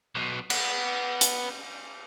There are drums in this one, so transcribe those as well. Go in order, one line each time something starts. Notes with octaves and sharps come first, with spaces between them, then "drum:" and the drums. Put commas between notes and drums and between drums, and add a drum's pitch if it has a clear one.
B1 B2
B3, drum: cymbal
drum: hi-hat